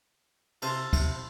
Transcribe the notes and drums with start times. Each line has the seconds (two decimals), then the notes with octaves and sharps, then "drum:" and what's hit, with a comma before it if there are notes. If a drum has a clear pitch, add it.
0.62 C3 A4 C5 F5, drum: cymbal
0.93 C3, drum: kick, cymbal